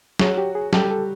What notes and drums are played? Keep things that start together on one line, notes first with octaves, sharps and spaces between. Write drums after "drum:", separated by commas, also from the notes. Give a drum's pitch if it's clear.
F#3 F#4 G#4, drum: snare
G4
G#4
G3 G4 A4, drum: snare
A4